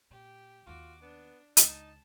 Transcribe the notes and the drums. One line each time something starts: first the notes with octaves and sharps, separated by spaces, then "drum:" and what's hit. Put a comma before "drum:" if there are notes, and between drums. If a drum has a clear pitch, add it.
A#2 G4
D#2 D#4 F4 F#4 D6
B3 D4
C#2 D#4 A5, drum: hi-hat